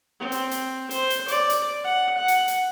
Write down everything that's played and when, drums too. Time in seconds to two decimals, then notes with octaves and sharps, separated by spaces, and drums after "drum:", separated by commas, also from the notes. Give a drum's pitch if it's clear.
0.20 C4
0.32 drum: hi-hat
0.51 drum: hi-hat
0.91 C5, drum: hi-hat
1.10 drum: hi-hat
1.28 D5, drum: hi-hat
1.50 drum: hi-hat
1.84 F#5
2.17 F#5
2.28 drum: hi-hat
2.48 drum: hi-hat